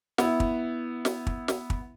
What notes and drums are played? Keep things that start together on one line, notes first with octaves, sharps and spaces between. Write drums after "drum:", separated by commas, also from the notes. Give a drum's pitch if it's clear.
B3 E4, drum: snare
drum: kick
drum: snare
drum: kick
drum: snare
drum: kick